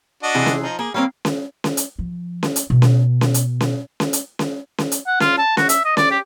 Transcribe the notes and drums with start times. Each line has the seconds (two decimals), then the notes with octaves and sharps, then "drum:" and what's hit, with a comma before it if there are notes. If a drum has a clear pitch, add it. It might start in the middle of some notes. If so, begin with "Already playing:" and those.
0.23 D4 F#4 D#5
0.34 C3 E3 G#4
0.46 drum: snare C#4
0.62 F3 D#4
0.79 A#3 G#4
0.94 G3 A#3 C4 C#5 F5
1.25 drum: snare C#4
1.64 drum: snare C#4
1.77 drum: hi-hat
1.99 F3
2.43 drum: snare C#4
2.56 drum: hi-hat
2.70 B2
2.82 drum: snare C#4
3.21 drum: snare C#4
3.34 drum: hi-hat
3.61 drum: snare C#4
4.00 drum: snare C#4
4.13 drum: hi-hat
4.39 drum: snare C#4
4.78 drum: snare C#4
4.92 drum: hi-hat
5.07 F#5
5.20 F4, drum: snare C#4
5.38 A5
5.57 F#4, drum: snare C#4
5.69 E5, drum: hi-hat
5.85 D#5
5.97 D5, drum: snare C#4
6.11 G4